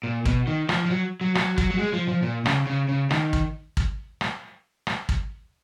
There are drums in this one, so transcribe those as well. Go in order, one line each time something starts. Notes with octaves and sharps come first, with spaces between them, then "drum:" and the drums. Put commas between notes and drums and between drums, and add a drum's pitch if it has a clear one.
A#2
B2, drum: kick
D#3
F3, drum: rim click
F3
F#3
F#3
F#3, drum: rim click
F#3, drum: kick
F#3
G#3
F3
F3
A#2
C#3, drum: rim click
C#3
C#3
D#3, drum: rim click
drum: kick
drum: kick
drum: rim click
drum: rim click
drum: kick